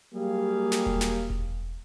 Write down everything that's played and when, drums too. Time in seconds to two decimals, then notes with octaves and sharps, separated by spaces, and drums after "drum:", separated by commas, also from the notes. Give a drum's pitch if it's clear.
0.13 F#3 G3 A#3 G4 G#4 F5
0.72 drum: snare
0.86 drum: kick E1
1.01 drum: snare
1.30 drum: kick E1